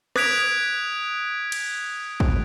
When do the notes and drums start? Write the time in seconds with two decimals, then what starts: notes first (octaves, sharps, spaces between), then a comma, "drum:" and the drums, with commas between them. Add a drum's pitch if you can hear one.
0.16 D#6 F#6 G#6 B6 D7 F7, drum: rim click
1.52 drum: cymbal
2.20 drum: kick